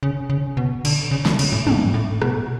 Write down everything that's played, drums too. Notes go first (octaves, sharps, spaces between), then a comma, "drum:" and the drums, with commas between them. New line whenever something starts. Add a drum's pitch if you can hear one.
C#3
C#3
B2
D3, drum: cymbal
C#3
D3, drum: snare
C#3, drum: cymbal
A2
G#2, drum: tom
A2
B2, drum: rim click